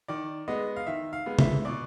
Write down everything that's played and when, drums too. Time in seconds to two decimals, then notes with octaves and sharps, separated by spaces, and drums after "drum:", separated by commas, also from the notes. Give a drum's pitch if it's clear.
0.08 D#3 D5
0.48 G#3 B3 D#5
0.76 F5
0.87 D#3 E5
1.13 F5
1.26 G#3 B3
1.39 E5, drum: tom C3
1.65 B2 D5